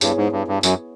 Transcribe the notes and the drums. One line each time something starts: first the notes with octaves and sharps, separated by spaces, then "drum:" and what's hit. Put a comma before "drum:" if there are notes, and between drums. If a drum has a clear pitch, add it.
G2 B3 E4 G#4 C#5, drum: tambourine
G#2
G2
G2
F#2, drum: tambourine